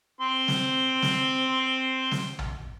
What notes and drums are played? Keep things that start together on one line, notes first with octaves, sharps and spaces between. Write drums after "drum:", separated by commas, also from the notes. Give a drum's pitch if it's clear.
C4 C6
drum: snare
drum: snare
drum: snare
drum: tom